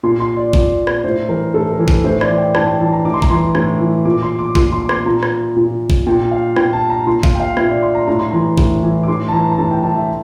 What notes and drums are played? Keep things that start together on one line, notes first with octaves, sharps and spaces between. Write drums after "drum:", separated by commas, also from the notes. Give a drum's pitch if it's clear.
A#2 C6
C6
D5
A#2, drum: kick G#1
drum: rim click
A2 C5
E3 A#4
A2 A4
A#4
E3
A4, drum: kick G#1
A2 C5
D5, drum: rim click
E3
G5
A2 A5, drum: rim click
G5
E3 A5
A#5
A2 D6
C6
A#5, drum: kick G#1
E3 C6
A2, drum: rim click
E3
A#2 D6
C6
D6
A#2 C6, drum: kick G#1
C6
D6
C6, drum: rim click
A#2 A#5
drum: rim click
A#2
drum: kick G#1
A#2 G5
F5
A#2 G5, drum: rim click
A5
A#5
A#2 C6
F5, drum: kick G#1
G5
F5
A#2 E5, drum: rim click
D5
C6
A#5
A2 A#5
C6
E3 A#5
A2, drum: kick G#1
E3
D6
A2 C6
A5
E3 A#5
A#5
A2 A5
G5
E3 A5
E5